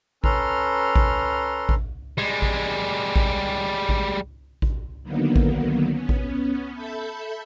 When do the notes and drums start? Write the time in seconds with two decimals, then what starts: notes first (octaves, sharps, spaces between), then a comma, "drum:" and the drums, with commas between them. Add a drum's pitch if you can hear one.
0.24 C#4 A4 B4 A#5 C6 F6, drum: kick A1
0.96 drum: kick A1
1.69 drum: kick A1
2.18 G3 G#3
2.42 drum: kick A1
3.16 drum: kick A1
3.89 drum: kick A1
4.62 drum: kick A1
5.03 D3 D#3 F#3 A#3 B3
5.36 drum: kick A1
5.90 B3 C#4
6.09 drum: kick A1
6.74 A4 E5 A5 B5 G6